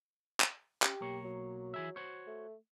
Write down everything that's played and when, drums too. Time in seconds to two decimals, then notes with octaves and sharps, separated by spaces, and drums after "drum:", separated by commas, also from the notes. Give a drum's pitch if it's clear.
0.40 drum: clap
0.82 C#4 G4, drum: clap
1.01 B1 A#3 C#5
1.25 F#3
1.74 E3 G#4 E5
1.96 F#4 C5 C#5
2.27 A3